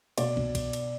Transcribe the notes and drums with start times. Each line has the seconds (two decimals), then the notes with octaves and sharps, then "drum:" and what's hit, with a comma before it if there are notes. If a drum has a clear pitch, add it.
0.18 B2 D5, drum: cymbal
0.37 B2, drum: kick
0.55 drum: kick, cymbal
0.73 drum: cymbal